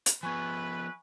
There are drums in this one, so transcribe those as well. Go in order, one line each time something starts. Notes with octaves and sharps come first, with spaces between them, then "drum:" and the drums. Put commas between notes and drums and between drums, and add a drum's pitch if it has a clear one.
drum: hi-hat
F3 B3 E4 B4 G#5 C#6 G#6